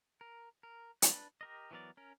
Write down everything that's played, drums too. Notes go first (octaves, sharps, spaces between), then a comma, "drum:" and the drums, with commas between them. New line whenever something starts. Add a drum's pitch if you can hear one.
A#4
A#4
D4 B4, drum: hi-hat
G4 A#4 D#5
E3 F#3 B3 A#4 D5
C#4 A#4